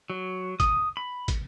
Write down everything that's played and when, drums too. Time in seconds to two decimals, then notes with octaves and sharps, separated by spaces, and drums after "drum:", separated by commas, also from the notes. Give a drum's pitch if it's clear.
0.10 F#3
0.60 D#6, drum: kick, hi-hat
0.97 B5
1.28 drum: kick, hi-hat